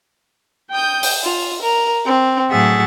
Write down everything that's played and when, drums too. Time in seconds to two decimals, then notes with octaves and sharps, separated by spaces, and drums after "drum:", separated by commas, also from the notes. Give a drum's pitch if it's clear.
0.70 G5 D#6 G6
1.03 drum: open hi-hat
1.23 F4
1.61 A#4
2.04 C4
2.50 A2 F#3 G#4 E5 F#5 A6